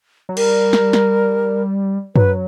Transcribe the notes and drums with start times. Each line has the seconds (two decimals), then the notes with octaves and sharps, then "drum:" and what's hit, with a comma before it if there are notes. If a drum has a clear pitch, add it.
0.29 F#3
0.37 G3 A#4, drum: cymbal
0.73 drum: snare
0.93 drum: snare
2.16 F#3 B4, drum: tom F#2